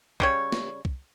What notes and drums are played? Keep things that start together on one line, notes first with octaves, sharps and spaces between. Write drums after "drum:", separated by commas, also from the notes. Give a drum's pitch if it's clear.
C#3 G3 C#5, drum: kick
drum: snare
drum: kick